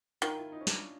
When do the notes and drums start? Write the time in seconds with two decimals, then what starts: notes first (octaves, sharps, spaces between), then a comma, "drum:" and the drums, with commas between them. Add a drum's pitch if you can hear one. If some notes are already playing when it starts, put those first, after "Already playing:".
0.22 D#3 F4, drum: hi-hat
0.37 E4
0.52 D#4
0.61 C#4
0.67 D4, drum: snare